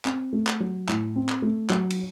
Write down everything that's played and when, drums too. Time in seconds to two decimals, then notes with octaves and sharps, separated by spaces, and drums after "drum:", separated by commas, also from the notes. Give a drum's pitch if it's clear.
0.05 C4, drum: clap
0.33 A3
0.47 drum: clap
0.60 F#3
0.88 A2, drum: clap
1.16 C4
1.29 drum: clap
1.42 A3
1.70 F#3, drum: clap
1.90 drum: cymbal